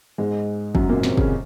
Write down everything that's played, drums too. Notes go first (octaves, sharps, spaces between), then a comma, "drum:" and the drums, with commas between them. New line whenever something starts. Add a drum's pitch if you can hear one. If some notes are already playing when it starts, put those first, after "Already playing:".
G#2 G#3
F#2 F#3, drum: kick
A#2 A#3
C#4
C3 C4, drum: snare
C#3 C#4, drum: kick